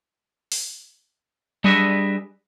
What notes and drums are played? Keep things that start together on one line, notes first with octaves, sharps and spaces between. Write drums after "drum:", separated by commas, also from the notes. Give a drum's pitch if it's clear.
drum: open hi-hat
G3 D4 G#4 B4 D#5 E5, drum: tom F#3